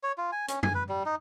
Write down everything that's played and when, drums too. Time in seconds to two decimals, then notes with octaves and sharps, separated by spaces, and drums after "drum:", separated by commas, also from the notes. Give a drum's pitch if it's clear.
0.03 C#5
0.18 F4
0.32 G#5
0.48 C#4, drum: hi-hat
0.63 G#5, drum: tom F#2
0.75 B4
0.89 G3
1.06 D#4